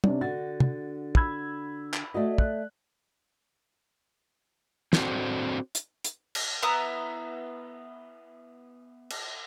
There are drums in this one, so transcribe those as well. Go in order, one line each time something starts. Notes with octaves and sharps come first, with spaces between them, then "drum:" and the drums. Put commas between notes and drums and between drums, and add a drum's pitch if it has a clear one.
C3 C#4 D4, drum: tom
D3 F#4 A6
drum: tom
B5 E6 G#6, drum: kick
drum: clap
A3 F#4 D5 D#5
F#6, drum: kick
C4 D4 F#4 A4 C5, drum: snare
drum: hi-hat
drum: hi-hat
drum: cymbal
B3 E4 A#5 D#6
drum: cymbal